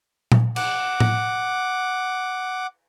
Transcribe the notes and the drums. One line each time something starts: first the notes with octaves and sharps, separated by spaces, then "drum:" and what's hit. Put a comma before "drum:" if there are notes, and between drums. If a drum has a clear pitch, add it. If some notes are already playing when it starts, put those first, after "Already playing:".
drum: tom A#2
F#5 D6, drum: cymbal
drum: tom A2